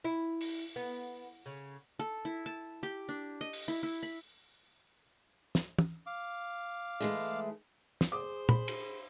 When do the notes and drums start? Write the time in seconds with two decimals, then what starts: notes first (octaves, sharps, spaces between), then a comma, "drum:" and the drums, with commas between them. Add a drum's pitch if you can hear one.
0.05 E4
0.41 drum: open hi-hat
0.76 B3
1.46 C#3
1.99 A4
2.25 E4
2.46 A5
2.83 G4
3.09 D4
3.41 D#5
3.53 drum: open hi-hat
3.68 E4
3.83 E4
4.03 B5
5.55 drum: snare
5.79 drum: tom
6.06 F5 D6
7.00 E3 G#3 A3
8.01 drum: snare
8.12 G#4 C5 D6 D#6
8.49 B5, drum: tom
8.68 drum: cymbal